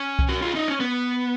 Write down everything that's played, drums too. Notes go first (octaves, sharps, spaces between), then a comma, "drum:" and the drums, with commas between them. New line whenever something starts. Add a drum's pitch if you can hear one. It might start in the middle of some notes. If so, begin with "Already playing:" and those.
Already playing: C#4
drum: kick C2
F#4
F4
D#4
C#4
B3